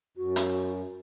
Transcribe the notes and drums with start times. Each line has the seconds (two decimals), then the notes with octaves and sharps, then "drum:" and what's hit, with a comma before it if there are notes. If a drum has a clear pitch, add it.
0.17 F#2 F#4
0.36 drum: hi-hat